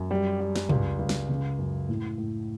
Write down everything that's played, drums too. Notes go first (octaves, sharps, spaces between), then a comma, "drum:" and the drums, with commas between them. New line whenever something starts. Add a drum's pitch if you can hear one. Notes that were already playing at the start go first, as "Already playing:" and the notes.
Already playing: F#2
G3
G3
drum: snare
C#2, drum: tom
C#2
drum: snare
C#3
F#2
A2
A2